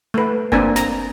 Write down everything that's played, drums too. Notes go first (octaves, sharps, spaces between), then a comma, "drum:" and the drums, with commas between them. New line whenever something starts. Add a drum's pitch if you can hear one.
A3 B4
A#3 C4 D4 A#4 G#5, drum: kick F#1
A#5, drum: snare